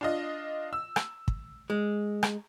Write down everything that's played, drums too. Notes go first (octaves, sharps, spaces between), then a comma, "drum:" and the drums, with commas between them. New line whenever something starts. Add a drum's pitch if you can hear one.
D4 F4 D#5
E6
drum: rim click
drum: kick
G#3
drum: rim click